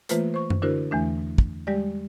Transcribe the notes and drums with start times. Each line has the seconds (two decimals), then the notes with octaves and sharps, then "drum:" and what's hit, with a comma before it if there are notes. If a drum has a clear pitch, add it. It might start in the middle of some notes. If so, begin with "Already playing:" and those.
0.09 E3 A3 A#3 F4 B4 C5, drum: hi-hat
0.34 C5 C#6
0.50 drum: tom F#2
0.62 D3 D4 E4 F#4 A#4 C5
0.91 E2 E3 A3 D4
1.38 drum: kick
1.67 G3 G#3 G4 D5